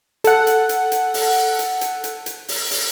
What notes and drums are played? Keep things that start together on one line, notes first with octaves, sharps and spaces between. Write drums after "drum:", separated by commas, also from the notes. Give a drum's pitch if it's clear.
A4 F#5, drum: hi-hat
drum: hi-hat
drum: hi-hat
drum: hi-hat
drum: open hi-hat
drum: hi-hat
drum: hi-hat
drum: hi-hat
drum: hi-hat
drum: open hi-hat
drum: open hi-hat